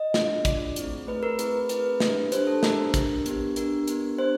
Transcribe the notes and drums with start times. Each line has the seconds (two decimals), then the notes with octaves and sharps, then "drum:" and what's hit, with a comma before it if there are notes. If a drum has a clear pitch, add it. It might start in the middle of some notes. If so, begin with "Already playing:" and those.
Already playing: D#5
0.14 D4 F4 G#4, drum: snare
0.45 D4 F4 G#4 D5, drum: kick, hi-hat
0.76 A3 C4 E4 G#4, drum: hi-hat
1.07 A3 C4 E4 G#4 B4
1.23 A#4
1.39 A3 C4 E4 G#4 B4, drum: hi-hat
1.69 A3 C4 E4 G#4 B4, drum: hi-hat
2.00 D4 G4, drum: snare
2.32 D4 G4 C5, drum: hi-hat
2.47 A4
2.63 D4 G4 A#4, drum: snare
2.94 D4 G4, drum: kick, hi-hat
3.26 B3 D4 G4, drum: hi-hat
3.56 B3 D4 G4 A#4, drum: hi-hat
3.88 B3 D4 G4, drum: hi-hat
4.19 B3 D4 G4 C5